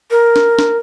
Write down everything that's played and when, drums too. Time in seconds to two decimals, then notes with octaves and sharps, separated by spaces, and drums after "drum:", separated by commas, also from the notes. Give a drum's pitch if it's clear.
0.11 A#4
0.36 drum: snare
0.59 drum: snare